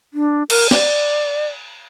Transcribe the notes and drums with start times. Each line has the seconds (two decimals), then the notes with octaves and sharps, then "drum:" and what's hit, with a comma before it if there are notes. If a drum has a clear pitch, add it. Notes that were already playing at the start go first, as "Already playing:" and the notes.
0.14 D4
0.50 A#4, drum: cymbal
0.71 D5, drum: snare